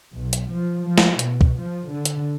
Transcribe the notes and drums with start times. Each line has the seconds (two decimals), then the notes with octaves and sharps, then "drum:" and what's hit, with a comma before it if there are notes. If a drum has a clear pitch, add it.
0.11 B1
0.33 drum: hi-hat
0.49 F3
0.85 F3
0.98 drum: snare
1.19 B2, drum: hi-hat
1.41 drum: kick
1.58 F3
1.89 D3
2.05 drum: hi-hat